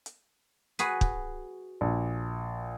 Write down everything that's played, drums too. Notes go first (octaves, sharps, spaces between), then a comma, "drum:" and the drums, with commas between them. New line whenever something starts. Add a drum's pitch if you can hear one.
drum: hi-hat
F#4 G#4 B4, drum: hi-hat
drum: kick
A#1